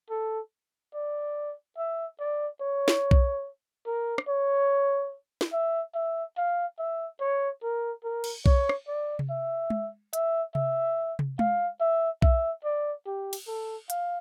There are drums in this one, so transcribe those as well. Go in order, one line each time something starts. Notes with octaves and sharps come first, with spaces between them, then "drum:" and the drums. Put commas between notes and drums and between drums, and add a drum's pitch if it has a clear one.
A4
D5
E5
D5
C#5
drum: snare
drum: kick B1
A#4
drum: rim click
C#5
drum: snare
E5
E5
F5
E5
C#5
A#4
A#4
drum: cymbal
C#5, drum: kick B1
drum: rim click
D5
drum: tom C3
E5
drum: tom G#3
E5, drum: hi-hat
E5, drum: tom C3
drum: tom
F5, drum: tom G#3
E5
E5, drum: kick B1
D5
G4
drum: cymbal
A4
F5, drum: hi-hat